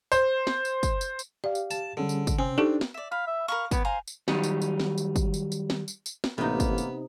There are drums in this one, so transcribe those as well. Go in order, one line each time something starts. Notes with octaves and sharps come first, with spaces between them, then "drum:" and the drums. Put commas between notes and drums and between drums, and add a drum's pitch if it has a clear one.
C5, drum: tambourine
drum: snare
drum: tambourine
drum: kick, tambourine
drum: tambourine
drum: tambourine
G4 D5 F5
drum: tambourine
A5, drum: tambourine
D3 G3 C#4 G#4
drum: tambourine
drum: kick, tambourine
C3 C4 C#4 G#5
D4 D#4 G4 A4
drum: snare
D5 E5
F5 B5
E5
A#4 F5 B5 C#6
B3 G4 B4 C#5, drum: kick, tambourine
C5 F5 G#5 A#5
drum: tambourine
D#3 F#3 G3 D#4, drum: snare
drum: tambourine
drum: tambourine
drum: snare
drum: tambourine
drum: kick, tambourine
drum: tambourine
drum: tambourine
drum: snare
drum: tambourine
drum: tambourine
drum: snare
A1 C3 A#3 B3 D#4
drum: kick, tambourine
drum: tambourine